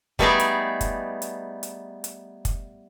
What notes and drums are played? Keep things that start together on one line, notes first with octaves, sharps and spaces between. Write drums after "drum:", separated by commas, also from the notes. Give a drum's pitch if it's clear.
G3 A3 B3 D#4 G#4 D5, drum: kick
drum: hi-hat
drum: kick, hi-hat
drum: hi-hat
drum: hi-hat
drum: hi-hat
drum: kick, hi-hat